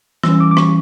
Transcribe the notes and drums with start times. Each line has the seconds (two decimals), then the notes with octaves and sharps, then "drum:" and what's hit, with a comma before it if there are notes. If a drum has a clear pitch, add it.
0.23 E3 G3 C#4 E6, drum: rim click
0.40 D6
0.51 D6
0.57 C#6, drum: rim click